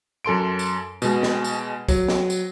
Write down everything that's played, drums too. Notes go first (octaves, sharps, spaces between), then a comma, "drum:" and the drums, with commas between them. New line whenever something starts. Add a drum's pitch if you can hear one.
F#2 A4 C6 D7
drum: tambourine
B2 G#3, drum: tambourine
drum: snare
drum: tambourine
F#3, drum: kick, tambourine
drum: snare
drum: tambourine